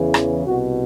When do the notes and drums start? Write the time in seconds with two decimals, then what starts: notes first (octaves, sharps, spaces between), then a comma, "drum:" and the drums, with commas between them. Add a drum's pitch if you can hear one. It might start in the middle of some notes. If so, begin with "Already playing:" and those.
Already playing: E2 C#3 E3
0.14 drum: rim click
0.45 C2 B2 F#4